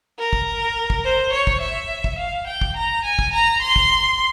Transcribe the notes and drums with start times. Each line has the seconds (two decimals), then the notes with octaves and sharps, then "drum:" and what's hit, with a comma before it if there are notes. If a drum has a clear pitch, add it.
0.19 A#4
0.33 drum: kick
0.90 drum: kick
1.04 C5
1.33 C#5
1.47 drum: kick
1.61 E5
2.04 drum: kick
2.18 F5
2.47 G5
2.61 drum: kick
2.76 A#5
3.04 G#5
3.19 drum: kick
3.33 A#5
3.61 C6
3.76 drum: kick